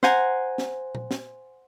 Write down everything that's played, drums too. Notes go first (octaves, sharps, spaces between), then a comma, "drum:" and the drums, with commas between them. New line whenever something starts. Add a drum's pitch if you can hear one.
C5 F#5 G#5 A#5, drum: snare
drum: snare
drum: tom A#2
drum: snare